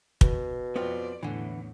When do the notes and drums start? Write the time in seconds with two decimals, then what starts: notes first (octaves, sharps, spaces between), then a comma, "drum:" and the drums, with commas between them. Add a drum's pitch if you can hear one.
0.21 B2, drum: kick
0.76 F2 B3 C4 F4 D5
1.23 E2 A2 D3 E3